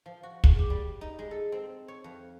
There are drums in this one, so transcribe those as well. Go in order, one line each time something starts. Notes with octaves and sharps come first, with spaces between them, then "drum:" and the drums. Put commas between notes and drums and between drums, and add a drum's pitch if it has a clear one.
F3
F#4
G#4, drum: kick
G4
G3
D#4
G#3
A4
C4
C#5
F2